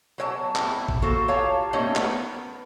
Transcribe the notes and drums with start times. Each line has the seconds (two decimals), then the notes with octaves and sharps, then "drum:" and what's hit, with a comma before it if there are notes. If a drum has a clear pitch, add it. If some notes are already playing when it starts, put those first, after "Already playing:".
0.18 F#3 C#5 A5
0.56 C4 E4, drum: clap
0.89 drum: kick G#1
1.02 A#3 F#4 A4 C5
1.28 F4 G4 C#5 F5 A5
1.73 G3 A3 A#3 C4 C#4 D#4
1.96 B3 A#4, drum: clap